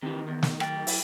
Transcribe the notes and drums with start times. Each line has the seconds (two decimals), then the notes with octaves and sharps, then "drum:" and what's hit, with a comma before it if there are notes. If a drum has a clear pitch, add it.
0.03 C3 D#3 E3
0.28 E2
0.43 drum: snare
0.60 F#3 G5, drum: rim click
0.87 E4, drum: open hi-hat